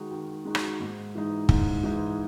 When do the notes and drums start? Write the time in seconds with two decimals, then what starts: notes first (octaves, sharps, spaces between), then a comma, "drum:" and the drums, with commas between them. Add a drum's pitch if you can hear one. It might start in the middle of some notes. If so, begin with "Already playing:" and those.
Already playing: D#3 G#3 D#4 F#4
0.11 D#3
0.45 G#3 D#4 F#4
0.55 drum: rim click
0.80 G#2
1.15 E3 G#3 D#4
1.49 G#2, drum: kick
1.83 E3 G#3 D#4